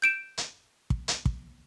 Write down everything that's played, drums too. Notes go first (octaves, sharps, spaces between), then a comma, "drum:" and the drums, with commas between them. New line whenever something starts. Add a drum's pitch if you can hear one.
G6 D7 E7
drum: hi-hat
drum: kick
drum: hi-hat
drum: kick